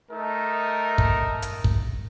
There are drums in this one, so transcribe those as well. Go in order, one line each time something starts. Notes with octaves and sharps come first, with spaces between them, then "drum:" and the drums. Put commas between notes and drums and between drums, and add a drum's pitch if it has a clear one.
A3 D#4 A#4
drum: kick
drum: hi-hat
drum: kick